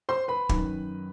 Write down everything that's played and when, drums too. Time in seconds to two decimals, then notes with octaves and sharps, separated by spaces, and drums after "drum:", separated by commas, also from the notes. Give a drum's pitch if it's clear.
0.09 C5 C6
0.28 B4 B5
0.49 F#2 D#3, drum: kick